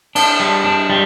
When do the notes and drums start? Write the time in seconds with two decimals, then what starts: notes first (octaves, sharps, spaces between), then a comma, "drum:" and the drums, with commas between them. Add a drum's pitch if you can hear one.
0.15 D4, drum: cymbal
0.40 G3
0.64 D4
0.90 G3